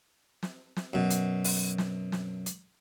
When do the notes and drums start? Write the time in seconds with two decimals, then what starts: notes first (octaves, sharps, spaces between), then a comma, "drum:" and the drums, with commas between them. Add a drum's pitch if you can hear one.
0.43 drum: snare
0.76 drum: snare
0.93 F#2 B2
1.10 drum: hi-hat
1.44 drum: open hi-hat
1.78 drum: snare
2.12 drum: snare
2.46 drum: hi-hat